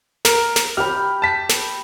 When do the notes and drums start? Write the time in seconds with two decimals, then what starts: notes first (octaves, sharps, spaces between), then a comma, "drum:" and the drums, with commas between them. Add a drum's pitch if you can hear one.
0.25 A#4, drum: snare
0.56 drum: snare
0.77 G4 B5 F6
1.22 A5 B6
1.49 drum: snare